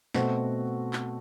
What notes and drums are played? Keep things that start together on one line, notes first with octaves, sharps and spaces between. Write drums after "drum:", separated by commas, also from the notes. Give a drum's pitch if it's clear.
B2 A3 C4 F#4, drum: snare
drum: clap